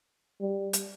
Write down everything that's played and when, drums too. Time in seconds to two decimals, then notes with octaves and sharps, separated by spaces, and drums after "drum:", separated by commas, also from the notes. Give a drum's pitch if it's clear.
0.41 G3
0.73 drum: hi-hat